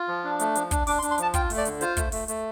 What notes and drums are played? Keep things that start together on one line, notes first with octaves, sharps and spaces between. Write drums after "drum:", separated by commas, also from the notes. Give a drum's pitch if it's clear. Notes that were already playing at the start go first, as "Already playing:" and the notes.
Already playing: F4
F3
D4
A3, drum: hi-hat
F3, drum: hi-hat
D4, drum: kick, hi-hat
D4 D6, drum: open hi-hat
C6
D4, drum: hi-hat
C6
F3 A5, drum: hi-hat
F4 G5, drum: kick, hi-hat
A3, drum: open hi-hat
D5
D3, drum: hi-hat
F4 C5, drum: hi-hat
A3, drum: kick, hi-hat
A3, drum: open hi-hat
A3, drum: hi-hat